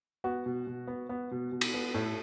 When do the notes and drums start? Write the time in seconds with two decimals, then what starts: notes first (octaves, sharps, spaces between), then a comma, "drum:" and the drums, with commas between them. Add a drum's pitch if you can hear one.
0.24 B3 F#4
0.46 B2
0.67 B2
0.87 B3
1.09 B3
1.31 B2
1.52 B2
1.61 drum: cymbal
1.74 B3
1.94 A2 A4